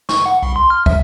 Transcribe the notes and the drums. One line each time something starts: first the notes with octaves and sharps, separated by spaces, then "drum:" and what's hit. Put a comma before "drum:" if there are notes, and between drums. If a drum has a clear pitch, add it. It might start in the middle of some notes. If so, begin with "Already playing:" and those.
C#6, drum: snare
F#5
C2
C6
F6
E5, drum: kick